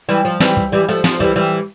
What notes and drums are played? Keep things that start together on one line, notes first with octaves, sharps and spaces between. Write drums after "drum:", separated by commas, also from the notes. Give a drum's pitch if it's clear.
E3 G3
F3
E3 G3, drum: snare
drum: kick
E3 G3
F3 A3
F3, drum: snare
E3 G3, drum: kick
E3 G3